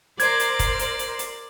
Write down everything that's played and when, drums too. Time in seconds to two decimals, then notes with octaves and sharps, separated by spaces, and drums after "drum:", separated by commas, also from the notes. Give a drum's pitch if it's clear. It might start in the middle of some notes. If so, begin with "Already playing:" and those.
0.20 A#4 C5 D5 G#6, drum: hi-hat
0.40 drum: hi-hat
0.59 drum: kick, hi-hat
0.79 drum: hi-hat
0.99 drum: hi-hat
1.19 drum: hi-hat